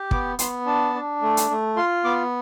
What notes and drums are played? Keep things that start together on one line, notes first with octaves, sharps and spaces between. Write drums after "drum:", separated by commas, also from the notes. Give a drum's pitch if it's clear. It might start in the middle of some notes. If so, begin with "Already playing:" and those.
Already playing: G4
B3 D6, drum: kick
B3 C6, drum: hi-hat
D4 A5
D4
A3
drum: hi-hat
A3
F4 C6
B3 D6